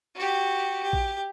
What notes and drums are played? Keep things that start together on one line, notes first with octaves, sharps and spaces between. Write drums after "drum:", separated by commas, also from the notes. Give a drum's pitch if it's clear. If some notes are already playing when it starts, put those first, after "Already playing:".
F#4 G4
G4
drum: kick